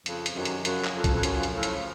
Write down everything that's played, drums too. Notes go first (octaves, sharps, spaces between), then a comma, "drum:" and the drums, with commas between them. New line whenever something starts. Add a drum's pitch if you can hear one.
F2 C#3 F3, drum: hi-hat
drum: hi-hat
F#2 C3 D#3
drum: hi-hat
F#2 C#3 F3, drum: hi-hat
drum: clap
F2
drum: kick, hi-hat
F2
F#2 C#3 F3, drum: hi-hat
drum: hi-hat
A2
drum: hi-hat